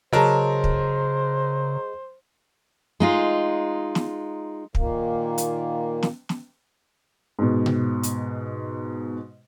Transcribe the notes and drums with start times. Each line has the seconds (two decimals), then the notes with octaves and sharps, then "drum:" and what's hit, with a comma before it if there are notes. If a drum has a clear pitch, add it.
0.13 C#3 F#3 G#4 A#4 C5 D#5 A5
0.64 drum: kick
3.00 G#3 D#4 F4
3.95 drum: snare
4.75 A#2 D#3 A#3, drum: kick
5.38 drum: hi-hat
6.03 drum: snare
6.29 drum: snare
7.39 G#2 B2
7.66 drum: tom B2
8.03 drum: hi-hat